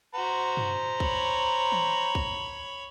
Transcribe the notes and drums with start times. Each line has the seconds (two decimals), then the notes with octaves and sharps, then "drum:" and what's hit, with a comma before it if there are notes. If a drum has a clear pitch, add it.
0.15 F#4 C5 A#5
0.57 drum: tom
1.00 C#5 B5, drum: kick B1
1.72 drum: tom D#3
2.15 drum: kick B1